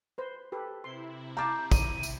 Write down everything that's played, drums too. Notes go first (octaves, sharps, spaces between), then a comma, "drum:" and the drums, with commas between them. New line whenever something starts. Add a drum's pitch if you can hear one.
B4 C5
G4 A4 B4
C3 E4 C6
F5 A5 A#5 D6 G6
D#7, drum: kick, tambourine
drum: tambourine